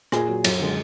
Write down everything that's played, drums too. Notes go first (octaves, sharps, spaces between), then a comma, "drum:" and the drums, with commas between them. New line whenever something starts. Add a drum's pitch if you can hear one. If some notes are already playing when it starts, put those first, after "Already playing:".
A#2 G#4, drum: rim click
F#3
F#2, drum: cymbal
D3 G#3